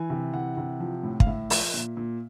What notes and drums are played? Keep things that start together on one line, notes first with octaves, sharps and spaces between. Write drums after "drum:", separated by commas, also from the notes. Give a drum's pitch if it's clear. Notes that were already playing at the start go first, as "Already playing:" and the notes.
Already playing: E3 G#5
C3
E3 F#5
C3
F3
A2
F5, drum: kick
A2 E5
F3, drum: open hi-hat
A#2
A#2